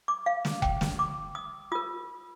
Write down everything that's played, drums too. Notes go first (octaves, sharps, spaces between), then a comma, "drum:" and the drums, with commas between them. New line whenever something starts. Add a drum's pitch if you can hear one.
D6
F5
drum: snare
G5, drum: kick F1
drum: snare
D6
D#6
F4 A#4 D#6